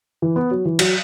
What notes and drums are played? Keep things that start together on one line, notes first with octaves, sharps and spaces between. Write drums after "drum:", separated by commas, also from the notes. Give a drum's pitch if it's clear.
E3
B3
F#3
E3
F#3, drum: cymbal